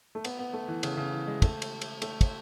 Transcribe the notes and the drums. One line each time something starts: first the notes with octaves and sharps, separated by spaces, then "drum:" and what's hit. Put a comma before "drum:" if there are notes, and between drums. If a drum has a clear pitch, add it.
A3
B3, drum: cymbal
B3
A3
E3
C#3, drum: cymbal
C#3
E3
G#3
A3, drum: kick, cymbal
drum: cymbal
drum: cymbal
A3, drum: cymbal
drum: kick, cymbal